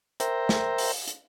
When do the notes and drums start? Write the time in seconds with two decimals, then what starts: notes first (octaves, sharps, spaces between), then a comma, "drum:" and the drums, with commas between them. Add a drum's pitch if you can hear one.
0.20 A#4 C5 E5 G5 A#5, drum: hi-hat
0.49 drum: snare
0.78 drum: open hi-hat
1.08 drum: hi-hat